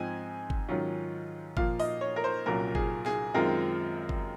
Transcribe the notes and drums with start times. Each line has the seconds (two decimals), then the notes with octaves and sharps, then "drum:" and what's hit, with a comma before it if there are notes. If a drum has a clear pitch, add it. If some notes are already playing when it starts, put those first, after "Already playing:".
Already playing: G#2 F3 C4 D#4 G#5
0.50 drum: kick G1
0.68 G#2 D#3 F#3 C#4 F4
1.57 A#2 F3 A#3 F5, drum: kick G1
1.80 D#5, drum: open hi-hat
2.01 C#5
2.16 A#4
2.24 C5
2.46 C2 A#2 F#3 C#4 F4 A#4
2.75 G#4, drum: kick G1
3.06 G#4, drum: snare
3.34 F#2 D#3 G#3 C4 F4 A#4
4.09 drum: kick G1